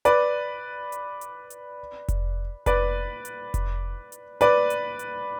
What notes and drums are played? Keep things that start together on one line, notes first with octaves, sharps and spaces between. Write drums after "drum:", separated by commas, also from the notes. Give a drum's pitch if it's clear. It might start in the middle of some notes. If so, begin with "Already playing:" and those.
B4 D5, drum: hi-hat
drum: hi-hat
drum: hi-hat
drum: hi-hat
drum: kick F1, hi-hat
B4 D5, drum: kick F1, hi-hat
drum: hi-hat
drum: kick F1, hi-hat
drum: hi-hat
B4 D5, drum: hi-hat
drum: hi-hat
drum: hi-hat